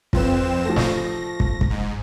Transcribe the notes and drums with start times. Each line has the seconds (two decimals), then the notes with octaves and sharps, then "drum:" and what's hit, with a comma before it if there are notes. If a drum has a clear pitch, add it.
0.13 F2 C4 F4 B4 E7, drum: kick
0.65 F3 A3 A#6
0.76 drum: snare
1.40 drum: kick
1.61 drum: kick
1.70 G#2